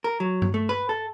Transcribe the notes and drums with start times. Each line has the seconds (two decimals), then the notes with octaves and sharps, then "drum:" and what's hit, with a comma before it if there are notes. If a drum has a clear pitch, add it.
0.04 A#4
0.20 F#3
0.42 drum: tom G2
0.54 A3
0.69 B4
0.89 A4